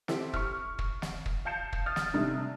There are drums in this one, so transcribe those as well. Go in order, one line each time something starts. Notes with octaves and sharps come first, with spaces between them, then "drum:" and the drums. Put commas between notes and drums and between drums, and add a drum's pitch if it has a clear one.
C4 E4 G4 A4, drum: snare
C#6 F6, drum: kick
drum: kick
drum: snare
drum: kick
F5 A5 G6 C#7 E7
drum: kick
D#6 F6 A6
drum: snare
C3 G3 A3 D4 D#4